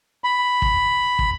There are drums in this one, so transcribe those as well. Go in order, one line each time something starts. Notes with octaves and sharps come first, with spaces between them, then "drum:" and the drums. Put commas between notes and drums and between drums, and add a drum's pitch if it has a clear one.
B5
drum: kick
drum: kick